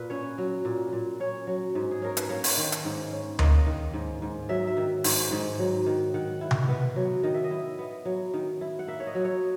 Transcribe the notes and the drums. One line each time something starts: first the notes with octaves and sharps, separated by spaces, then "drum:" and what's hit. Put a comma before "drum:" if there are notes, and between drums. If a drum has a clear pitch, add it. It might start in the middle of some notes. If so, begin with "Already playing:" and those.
Already playing: A#2 B4
C#4 C#5
F#3
A#2
A#2
C#4 C#5
F#3
G#2
G#4
C#4 A#4
B4, drum: hi-hat
A#3 C#5
drum: open hi-hat
D#3
drum: hi-hat
G#2
C#4
A#3 D#5, drum: tom D2
D#3
G#2
G#2
F#3 E5
E5
D#3
G#2, drum: open hi-hat
G#2
F#3
D#3
D#3 F#5
E4
drum: tom C3
B3
F#3
D#3 D#5
E5
D#5
E4
B3
F#3
D#3
E4
F#5
A#3 E5
C#5
D#5
F#3
C#5